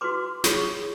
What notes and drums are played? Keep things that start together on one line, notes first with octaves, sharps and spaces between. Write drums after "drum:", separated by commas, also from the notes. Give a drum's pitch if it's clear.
F#4 B4 C6 D6
F4 G#4 C#5 C#6 D#6, drum: snare